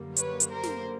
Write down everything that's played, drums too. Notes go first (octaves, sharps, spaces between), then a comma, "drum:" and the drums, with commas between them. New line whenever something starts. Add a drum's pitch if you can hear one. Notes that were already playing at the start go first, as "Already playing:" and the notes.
Already playing: F#2 D3 G3 A#3
B4 C#5, drum: hi-hat
drum: hi-hat
A#4 C5
drum: snare